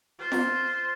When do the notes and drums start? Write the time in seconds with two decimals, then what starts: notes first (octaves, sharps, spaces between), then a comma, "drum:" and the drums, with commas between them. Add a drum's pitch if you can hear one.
0.20 F4 C5
0.32 drum: snare F4